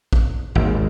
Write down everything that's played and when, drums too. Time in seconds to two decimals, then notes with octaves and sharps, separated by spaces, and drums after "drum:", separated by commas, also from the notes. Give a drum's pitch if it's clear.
0.13 drum: kick A1
0.55 G#1 D#2 G#2